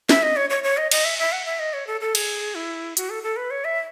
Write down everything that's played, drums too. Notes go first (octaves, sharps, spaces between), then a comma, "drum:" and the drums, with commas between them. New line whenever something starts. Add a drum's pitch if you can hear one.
E5, drum: snare
D#5
C#5
C#5
C#5
D#5
D#5, drum: cymbal
E5
E5
F#5
E5
D#5
C#5
A4
A4
G#4, drum: cymbal
E4
F#4, drum: hi-hat
A4
A4
B4
C#5
E5